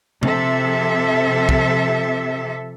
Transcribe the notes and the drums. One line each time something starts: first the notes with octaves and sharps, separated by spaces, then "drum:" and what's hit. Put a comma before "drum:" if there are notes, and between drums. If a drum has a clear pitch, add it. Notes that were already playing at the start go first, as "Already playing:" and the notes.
C3 F3 A4 E5, drum: tom C3
drum: kick